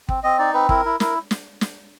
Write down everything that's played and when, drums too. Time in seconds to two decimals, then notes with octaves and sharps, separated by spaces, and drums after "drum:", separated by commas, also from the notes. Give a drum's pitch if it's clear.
0.09 C4, drum: kick
0.23 C4 D#5
0.38 D#4 D5
0.54 C4 B4
0.69 E4 A#4, drum: kick
0.85 E4
1.00 E4 A#4, drum: snare
1.31 drum: snare
1.61 drum: snare